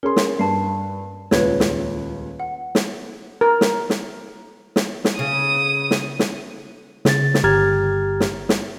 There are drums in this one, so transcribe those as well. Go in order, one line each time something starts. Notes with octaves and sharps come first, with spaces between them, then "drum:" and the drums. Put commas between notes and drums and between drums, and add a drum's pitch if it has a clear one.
C#4 G#4 A#4 C6
drum: snare
G2 A5 C7
D#1 C#2 B4 C#5 G#6, drum: snare
drum: snare
F#5
drum: snare
A#4
drum: snare
drum: snare
drum: snare
drum: snare
C#3 D#6
drum: snare
drum: snare
C#3 A6, drum: snare
drum: snare
G1 G4 A#5 F6 G#6 A6
drum: snare
drum: snare